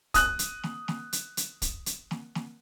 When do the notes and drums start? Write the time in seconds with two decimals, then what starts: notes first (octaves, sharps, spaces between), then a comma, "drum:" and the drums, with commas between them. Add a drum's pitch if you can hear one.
0.14 D#6 F#6, drum: kick, hi-hat
0.39 drum: hi-hat
0.63 drum: snare
0.88 drum: snare
1.13 drum: hi-hat
1.37 drum: hi-hat
1.62 drum: kick, hi-hat
1.86 drum: hi-hat
2.11 drum: snare
2.35 drum: snare